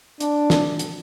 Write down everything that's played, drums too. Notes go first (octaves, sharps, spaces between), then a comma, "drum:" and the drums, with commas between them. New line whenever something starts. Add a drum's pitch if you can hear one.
D4, drum: hi-hat
drum: snare
drum: hi-hat